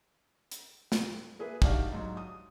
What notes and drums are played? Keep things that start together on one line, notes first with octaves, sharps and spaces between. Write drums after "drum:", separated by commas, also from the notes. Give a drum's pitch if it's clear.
drum: hi-hat
drum: snare
A#3 G#4 B4 E5
D4 D#4 F#4 G4 D5 F5, drum: kick
G#2 F#3
D#6